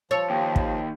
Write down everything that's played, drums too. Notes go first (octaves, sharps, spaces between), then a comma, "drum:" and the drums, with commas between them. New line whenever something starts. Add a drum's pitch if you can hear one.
F3 C#5 A5 E6 A6
D#2 G5
drum: kick